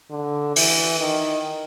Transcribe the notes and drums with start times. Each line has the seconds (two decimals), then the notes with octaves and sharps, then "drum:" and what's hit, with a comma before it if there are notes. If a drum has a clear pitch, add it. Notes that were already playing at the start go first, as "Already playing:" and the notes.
0.11 D3
0.56 E3, drum: open hi-hat
1.00 D#3